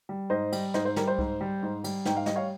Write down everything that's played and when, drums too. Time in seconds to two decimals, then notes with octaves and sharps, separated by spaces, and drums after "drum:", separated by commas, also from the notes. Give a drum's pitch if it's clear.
0.09 G3
0.30 G#2 C5 D#5
0.52 G3, drum: cymbal
0.74 G#2 C5 D#5, drum: snare
0.85 C5
0.96 G3 A#4, drum: snare
1.08 C5
1.18 G#2, drum: kick C2
1.41 G3
1.63 G#2
1.84 G3, drum: cymbal
2.05 G#2 G5, drum: snare
2.17 F5
2.26 G3 D#5, drum: snare
2.36 C#5 F5